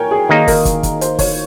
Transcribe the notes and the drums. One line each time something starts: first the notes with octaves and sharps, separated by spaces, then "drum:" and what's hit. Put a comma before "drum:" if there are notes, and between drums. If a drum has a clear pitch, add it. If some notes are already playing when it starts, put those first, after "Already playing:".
Already playing: A#4 C#5 G5 G#5
G#4
D#3 A#3 D#4 G#4
A#4, drum: kick, open hi-hat
drum: kick, hi-hat
drum: kick, hi-hat
C5, drum: hi-hat
C#5, drum: kick, open hi-hat